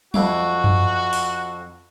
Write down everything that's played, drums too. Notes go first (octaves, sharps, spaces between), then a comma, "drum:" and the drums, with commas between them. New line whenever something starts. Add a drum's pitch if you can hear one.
F2 E4 F#4 D6, drum: tom F#3
drum: tom F#2
drum: open hi-hat